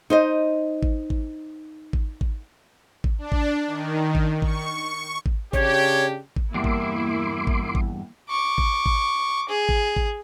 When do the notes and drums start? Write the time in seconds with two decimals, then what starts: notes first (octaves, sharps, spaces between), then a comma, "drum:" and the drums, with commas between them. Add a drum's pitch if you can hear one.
0.10 D#4 C5 D#5
0.83 drum: kick G#1
1.10 drum: kick G#1
1.93 drum: kick G#1
2.21 drum: kick G#1
3.04 drum: kick G#1
3.19 D4
3.32 drum: kick G#1
3.67 D#3
4.15 drum: kick G#1
4.42 C#6, drum: kick G#1
5.26 drum: kick G#1
5.53 C#3 D4 G4 C#5, drum: kick G#1
6.36 drum: kick G#1
6.54 E2 G2 A#3 E4 C6 D6
6.64 drum: kick G#1
7.47 drum: kick G#1
7.75 drum: kick G#1
8.30 C#6 D6
8.58 drum: kick G#1
8.86 drum: kick G#1
9.49 G#4
9.69 drum: kick G#1
9.96 drum: kick G#1